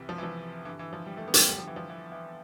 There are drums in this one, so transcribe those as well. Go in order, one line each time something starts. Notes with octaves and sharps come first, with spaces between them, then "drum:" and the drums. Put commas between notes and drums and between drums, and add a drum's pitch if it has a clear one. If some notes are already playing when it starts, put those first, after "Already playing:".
Already playing: C2 C3 E3
F3
E3
F3
G2 D3 E3
E3
F3
G3
A3
B3
A3, drum: hi-hat
G3
D2 D3 G3
F3
E3
F3
E3
E3